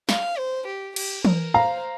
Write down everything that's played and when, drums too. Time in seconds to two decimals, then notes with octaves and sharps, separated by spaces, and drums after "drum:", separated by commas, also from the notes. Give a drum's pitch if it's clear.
0.09 F5, drum: snare
0.37 C5
0.67 G4
0.96 G4, drum: cymbal
1.25 A#4, drum: tom E3
1.54 C5 F5 A#5